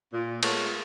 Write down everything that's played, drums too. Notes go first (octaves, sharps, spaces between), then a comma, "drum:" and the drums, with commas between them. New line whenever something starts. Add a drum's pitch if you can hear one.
A#2
G#3 A3 B3 F4 A#4 C#5, drum: cymbal